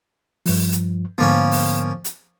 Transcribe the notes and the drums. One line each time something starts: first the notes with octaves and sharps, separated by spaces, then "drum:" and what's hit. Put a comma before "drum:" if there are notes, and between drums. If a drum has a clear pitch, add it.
G2 F3, drum: open hi-hat
drum: hi-hat
G#2 D3 F3 A#3 B3 C#4
drum: open hi-hat
drum: hi-hat